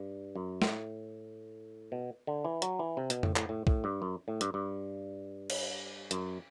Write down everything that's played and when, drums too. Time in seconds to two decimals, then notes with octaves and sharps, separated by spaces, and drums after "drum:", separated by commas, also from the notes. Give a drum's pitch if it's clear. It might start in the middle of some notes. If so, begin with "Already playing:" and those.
Already playing: G2
0.36 F#2
0.62 A2, drum: snare
1.92 B2
2.27 D3
2.45 E3
2.62 F#3, drum: hi-hat
2.79 E3
2.97 C3
3.10 B2, drum: hi-hat
3.23 A2, drum: tom F2
3.36 A2, drum: clap
3.49 A2
3.67 A2, drum: kick B1
3.84 G2
4.02 F#2
4.28 A2
4.41 G2, drum: hi-hat
4.54 G2
5.50 drum: cymbal
6.11 F#2, drum: hi-hat